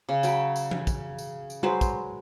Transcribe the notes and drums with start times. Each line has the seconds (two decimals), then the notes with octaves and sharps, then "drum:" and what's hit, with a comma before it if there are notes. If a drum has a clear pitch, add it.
0.09 C#3
0.23 F#3 G5 B5, drum: tambourine
0.56 drum: tambourine
0.71 drum: tom E3
0.87 drum: kick, tambourine
1.18 drum: tambourine
1.50 drum: tambourine
1.63 F#3 G#3 B4 C5, drum: tom G3
1.81 drum: kick, tambourine